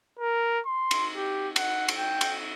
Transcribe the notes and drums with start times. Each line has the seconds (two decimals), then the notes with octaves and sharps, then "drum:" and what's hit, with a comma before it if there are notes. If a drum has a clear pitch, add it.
0.19 A#4
0.66 C6
0.91 drum: cymbal
1.16 G4
1.56 F#5, drum: cymbal
1.88 drum: cymbal
1.97 G5
2.21 drum: cymbal